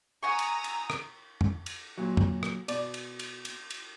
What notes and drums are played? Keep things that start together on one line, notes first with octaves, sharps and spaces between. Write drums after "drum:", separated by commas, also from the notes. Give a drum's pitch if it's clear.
F#5 G#5 A#5 C#6 D#6 E6
drum: cymbal
drum: cymbal
drum: rim click
drum: tom
drum: cymbal
A#2 F#3
drum: tom
drum: rim click
B2 D5, drum: cymbal
drum: cymbal
drum: cymbal
drum: cymbal
drum: cymbal